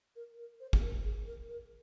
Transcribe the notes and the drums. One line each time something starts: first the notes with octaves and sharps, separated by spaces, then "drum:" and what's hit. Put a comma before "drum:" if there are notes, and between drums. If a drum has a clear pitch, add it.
A#4
A#4
C5
G#4, drum: kick
A#4
G#4
A#4
A#4